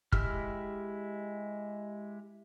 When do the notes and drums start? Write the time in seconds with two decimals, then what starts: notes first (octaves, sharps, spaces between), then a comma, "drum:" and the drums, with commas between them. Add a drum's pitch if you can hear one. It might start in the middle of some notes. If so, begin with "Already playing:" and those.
0.12 G#3 E4 G4 E6 F6, drum: kick